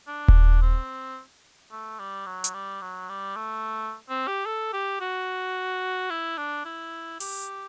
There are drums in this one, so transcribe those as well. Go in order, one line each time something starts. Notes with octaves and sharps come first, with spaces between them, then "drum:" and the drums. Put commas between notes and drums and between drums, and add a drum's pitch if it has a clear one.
D4
drum: kick D#1
C4
A3
G3
F#3
drum: hi-hat
G3
F#3
G3
A3
C4
G4
A4
G4
F#4
E4
D4
E4
G4, drum: open hi-hat